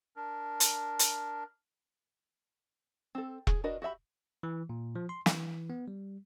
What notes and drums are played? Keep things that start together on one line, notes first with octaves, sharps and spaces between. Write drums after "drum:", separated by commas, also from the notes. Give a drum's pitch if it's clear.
D4 A#4
drum: hi-hat
drum: hi-hat
C4 A4
G#4, drum: kick E1
D4 F#4 A#4 B4 D#5
F#4 G4 E5 B5
E3
A#2
F3
C6
E3, drum: snare
B3
G3